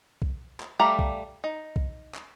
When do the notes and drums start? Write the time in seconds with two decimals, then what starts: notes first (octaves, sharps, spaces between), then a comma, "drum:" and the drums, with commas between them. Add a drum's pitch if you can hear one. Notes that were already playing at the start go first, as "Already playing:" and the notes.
0.22 drum: kick B1
0.60 drum: clap
0.79 G3 A3 D5 F5 A#5
0.99 drum: kick B1
1.44 D#4
1.76 drum: kick B1
2.14 drum: clap